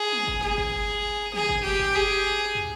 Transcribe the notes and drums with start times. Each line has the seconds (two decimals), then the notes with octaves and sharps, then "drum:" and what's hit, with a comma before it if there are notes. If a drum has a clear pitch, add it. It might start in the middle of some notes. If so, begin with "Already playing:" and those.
Already playing: G#4
0.12 drum: tom
0.27 drum: kick G1
0.42 G#4, drum: snare
0.58 drum: kick G1
1.33 G#4, drum: tom
1.49 drum: kick G1
1.64 G4, drum: snare
1.79 drum: kick G1
1.95 G#4
2.55 drum: tom